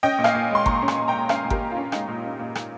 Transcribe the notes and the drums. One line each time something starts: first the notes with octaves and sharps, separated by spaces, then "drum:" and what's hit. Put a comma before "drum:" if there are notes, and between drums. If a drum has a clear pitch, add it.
C#4 D#5 G5
A#2
F5 G#5, drum: rim click
A#2
G#3 C6
A#2 A#5 C#6, drum: kick G1
C#4
G#5 C6, drum: rim click
A#2
G5 A#5
A#2
C#4 F5 G#5, drum: rim click
A#2
G4 A#4, drum: kick G1
A#2
C#4 F4
G#3 D#4, drum: rim click
A#2
C#4
A#2
drum: rim click